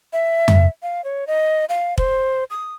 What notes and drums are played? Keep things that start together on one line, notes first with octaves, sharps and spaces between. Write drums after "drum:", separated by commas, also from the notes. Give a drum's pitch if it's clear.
E5
drum: tom F2
F5
C#5
D#5
F5
C5, drum: kick
D#6